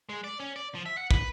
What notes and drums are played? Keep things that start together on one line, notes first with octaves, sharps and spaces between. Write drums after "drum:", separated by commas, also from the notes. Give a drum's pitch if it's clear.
G#3
D5
C#4
D5
F3
E5
F#5
B4, drum: kick